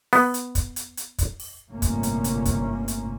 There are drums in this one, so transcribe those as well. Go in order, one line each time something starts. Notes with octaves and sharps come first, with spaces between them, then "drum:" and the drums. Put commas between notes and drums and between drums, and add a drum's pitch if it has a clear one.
B3, drum: open hi-hat
drum: hi-hat
drum: kick, hi-hat
drum: hi-hat
drum: hi-hat
drum: kick, hi-hat
drum: open hi-hat
G1 A2 C3 A#3 C#4
drum: kick, hi-hat
drum: hi-hat
drum: hi-hat
drum: kick, hi-hat
drum: hi-hat